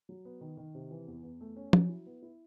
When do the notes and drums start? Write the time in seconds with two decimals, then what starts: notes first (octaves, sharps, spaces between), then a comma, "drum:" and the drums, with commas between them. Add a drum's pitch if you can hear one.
0.09 F#3
0.25 B3
0.41 D#3
0.57 D#3
0.75 C3
0.91 E3
1.07 E2
1.23 E2
1.41 A3
1.56 C#4
1.73 F#3, drum: tom F3
1.89 E4
2.06 B3
2.22 E4